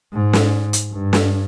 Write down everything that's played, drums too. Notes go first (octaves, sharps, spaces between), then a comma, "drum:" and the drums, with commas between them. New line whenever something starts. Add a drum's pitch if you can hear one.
G#2
drum: snare
drum: hi-hat
G2
drum: snare